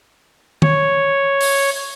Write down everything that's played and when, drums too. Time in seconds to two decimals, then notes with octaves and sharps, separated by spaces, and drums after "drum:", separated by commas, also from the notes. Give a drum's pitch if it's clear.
0.62 C#5, drum: tom
1.41 drum: open hi-hat